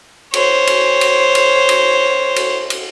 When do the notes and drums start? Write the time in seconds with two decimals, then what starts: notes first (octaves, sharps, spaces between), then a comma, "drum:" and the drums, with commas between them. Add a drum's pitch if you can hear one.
0.34 C5 C#5, drum: cymbal
0.67 drum: cymbal
1.01 drum: cymbal
1.35 drum: cymbal
1.69 drum: cymbal
2.36 drum: cymbal
2.70 drum: cymbal